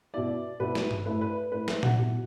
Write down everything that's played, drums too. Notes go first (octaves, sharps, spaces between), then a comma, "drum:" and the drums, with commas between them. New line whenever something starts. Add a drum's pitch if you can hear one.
B2 B3 E4 D5
B2 B3 E4 B4
drum: snare
drum: tom G2
A2 A3 E4 B4
B4
A2 A3 E4 B4
E5, drum: snare
F#5, drum: tom A#2
B2 B3 E4